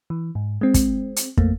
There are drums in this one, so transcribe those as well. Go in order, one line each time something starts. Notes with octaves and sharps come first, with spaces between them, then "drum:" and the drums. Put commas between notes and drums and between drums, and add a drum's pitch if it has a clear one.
E3
G#2
G#3 C4
drum: kick, hi-hat
drum: hi-hat
F2 A3 A#3, drum: kick